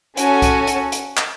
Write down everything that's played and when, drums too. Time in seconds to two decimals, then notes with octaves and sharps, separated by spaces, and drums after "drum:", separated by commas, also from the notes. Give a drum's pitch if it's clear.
0.17 C#4 F#4 A4 G#5, drum: hi-hat
0.42 drum: kick C2, hi-hat
0.67 drum: hi-hat
0.92 drum: hi-hat
1.17 drum: clap